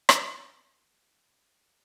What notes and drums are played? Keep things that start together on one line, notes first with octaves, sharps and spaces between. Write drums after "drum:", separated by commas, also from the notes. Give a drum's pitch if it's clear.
drum: rim click
E3 D#4 F#4
B4
A#2 D3 D#3 F#3 D#4 D#5 E5 C6
C3 D4 F#4 D5 E5 G5
A2 G3 A3 B3 A5 A6 B6
D#3 F3